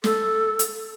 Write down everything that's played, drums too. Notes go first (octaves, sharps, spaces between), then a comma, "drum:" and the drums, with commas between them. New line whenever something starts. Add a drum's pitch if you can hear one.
A4, drum: snare
drum: hi-hat